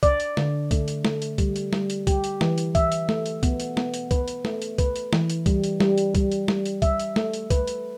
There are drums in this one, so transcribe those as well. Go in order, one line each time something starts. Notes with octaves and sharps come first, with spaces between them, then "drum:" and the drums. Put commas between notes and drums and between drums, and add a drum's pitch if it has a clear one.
D5, drum: kick, hi-hat
drum: hi-hat
D3, drum: snare
A3, drum: kick, hi-hat
drum: hi-hat
A3, drum: snare
drum: hi-hat
G3, drum: kick, hi-hat
drum: hi-hat
G3, drum: snare
drum: hi-hat
G4, drum: kick, hi-hat
drum: hi-hat
E3, drum: snare
drum: hi-hat
E5, drum: kick, hi-hat
drum: hi-hat
A3, drum: snare
drum: hi-hat
B3, drum: kick, hi-hat
drum: hi-hat
B3, drum: snare
drum: hi-hat
B4, drum: kick, hi-hat
drum: hi-hat
A3, drum: snare
drum: hi-hat
B4, drum: kick, hi-hat
drum: hi-hat
E3, drum: snare
drum: hi-hat
G3, drum: kick, hi-hat
drum: hi-hat
G3, drum: snare
drum: hi-hat
G3, drum: kick, hi-hat
drum: hi-hat
G3, drum: snare
drum: hi-hat
E5, drum: kick, hi-hat
drum: hi-hat
A3, drum: snare
drum: hi-hat
B4, drum: kick, hi-hat
drum: hi-hat